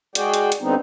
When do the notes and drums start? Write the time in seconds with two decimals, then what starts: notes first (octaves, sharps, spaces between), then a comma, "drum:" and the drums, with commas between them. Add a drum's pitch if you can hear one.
0.15 G#3 F#4 G#4 D5 G5, drum: hi-hat
0.34 drum: hi-hat
0.52 drum: hi-hat
0.61 D3 G3 B3 C4 D#4